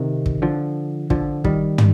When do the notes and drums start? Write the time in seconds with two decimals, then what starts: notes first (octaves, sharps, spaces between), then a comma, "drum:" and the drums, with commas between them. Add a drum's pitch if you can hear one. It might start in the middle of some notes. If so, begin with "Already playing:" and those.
Already playing: C3 D#3
0.26 drum: kick
0.42 D3 F3
1.10 D3 F3, drum: kick
1.44 D#3 G3, drum: kick
1.78 drum: tom